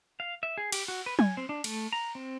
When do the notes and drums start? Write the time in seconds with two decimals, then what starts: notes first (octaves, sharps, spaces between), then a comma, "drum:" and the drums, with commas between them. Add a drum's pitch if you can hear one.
0.20 F5
0.43 E5
0.58 G#4
0.72 G4, drum: cymbal
0.88 F#4
1.06 B4
1.19 G#5, drum: tom F#3
1.37 C4
1.49 D4
1.64 A3, drum: cymbal
1.93 A#5
2.15 C4